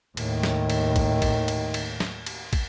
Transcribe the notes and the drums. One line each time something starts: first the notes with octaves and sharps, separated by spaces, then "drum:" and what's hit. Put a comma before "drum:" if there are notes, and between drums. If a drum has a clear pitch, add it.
D#2 A2 D#3, drum: cymbal
drum: snare
drum: cymbal
drum: kick, cymbal
drum: kick, cymbal
drum: cymbal
drum: cymbal
drum: snare
drum: cymbal
drum: kick, cymbal